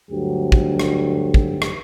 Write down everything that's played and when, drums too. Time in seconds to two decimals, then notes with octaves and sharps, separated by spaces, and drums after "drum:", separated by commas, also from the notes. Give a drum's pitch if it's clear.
0.11 D2 G2 D3 F#3 G4
0.52 drum: kick
0.80 drum: rim click
1.34 drum: kick
1.62 drum: rim click